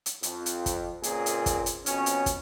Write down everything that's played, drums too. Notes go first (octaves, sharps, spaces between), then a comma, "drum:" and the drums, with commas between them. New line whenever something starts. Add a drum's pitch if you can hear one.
drum: hi-hat
F2, drum: hi-hat
drum: hi-hat
drum: kick, hi-hat
C#2 A#2 A#3 C4 G#4, drum: hi-hat
drum: hi-hat
drum: kick, hi-hat
drum: hi-hat
F2 B2 C#4, drum: hi-hat
drum: hi-hat
drum: kick, hi-hat